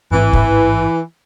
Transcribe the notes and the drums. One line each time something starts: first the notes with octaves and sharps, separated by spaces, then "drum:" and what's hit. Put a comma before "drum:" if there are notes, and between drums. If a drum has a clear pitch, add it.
A1 G#2 E3 C4
drum: kick